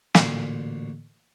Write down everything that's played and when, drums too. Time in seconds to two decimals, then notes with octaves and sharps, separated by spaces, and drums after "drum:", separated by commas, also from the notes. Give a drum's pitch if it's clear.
0.15 A1 D2 A#2 C6, drum: snare